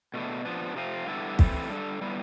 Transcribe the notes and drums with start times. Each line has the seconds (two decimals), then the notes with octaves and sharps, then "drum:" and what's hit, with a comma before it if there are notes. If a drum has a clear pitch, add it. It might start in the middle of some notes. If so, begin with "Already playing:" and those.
0.14 B2 A3 D4
0.45 F3 B3 D4
0.76 C3 F3 A3 C4 F4
1.07 D3 G3 B3 E4 A4
1.39 E3 A3 C4 E4 A4, drum: kick
1.69 G3 D4 A4
2.01 G3 B3 E4